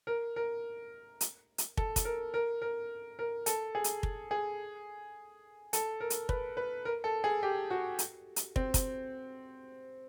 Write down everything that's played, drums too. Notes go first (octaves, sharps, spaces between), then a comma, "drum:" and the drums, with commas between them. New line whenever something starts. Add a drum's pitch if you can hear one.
A#4
A#4
drum: hi-hat
drum: hi-hat
A4, drum: kick
drum: kick, hi-hat
A#4
A#4
A#4
A#4
A4, drum: hi-hat
G#4
drum: hi-hat
drum: kick
G#4
A4, drum: hi-hat
A#4
drum: hi-hat
B4, drum: kick
B4
A#4
A4
G#4
G4
F#4
drum: hi-hat
drum: hi-hat
C4, drum: kick
drum: kick, hi-hat